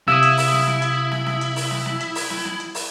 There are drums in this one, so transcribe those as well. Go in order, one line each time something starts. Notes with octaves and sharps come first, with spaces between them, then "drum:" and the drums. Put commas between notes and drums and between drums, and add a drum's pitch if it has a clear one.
C3 E4 F5 D#6 E6, drum: snare
drum: hi-hat
drum: open hi-hat
drum: snare
drum: snare
drum: hi-hat
drum: snare
drum: snare
drum: hi-hat
drum: open hi-hat
drum: snare
drum: snare
drum: hi-hat
drum: open hi-hat
drum: snare
drum: snare
drum: hi-hat
drum: open hi-hat